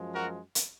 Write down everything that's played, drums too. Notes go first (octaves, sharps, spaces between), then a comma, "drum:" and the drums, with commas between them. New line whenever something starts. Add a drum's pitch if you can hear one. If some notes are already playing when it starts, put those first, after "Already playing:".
Already playing: F#2 F3 G#3
F#4 A#4
drum: hi-hat